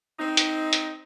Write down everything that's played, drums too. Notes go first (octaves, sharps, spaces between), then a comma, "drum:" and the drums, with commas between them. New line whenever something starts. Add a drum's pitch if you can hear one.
C4 D#4
drum: hi-hat
drum: hi-hat